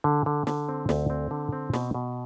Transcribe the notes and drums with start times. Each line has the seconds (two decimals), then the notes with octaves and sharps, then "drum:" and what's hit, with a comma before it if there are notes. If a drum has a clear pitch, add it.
0.04 D3
0.26 D3
0.47 D3, drum: snare
0.69 C4
0.89 D2, drum: snare
1.10 C4
1.31 D3
1.53 C4
1.73 B2, drum: snare
1.94 B2